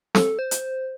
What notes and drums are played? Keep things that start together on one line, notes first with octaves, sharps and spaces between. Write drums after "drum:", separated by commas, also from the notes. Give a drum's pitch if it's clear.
A4, drum: snare
C5
drum: hi-hat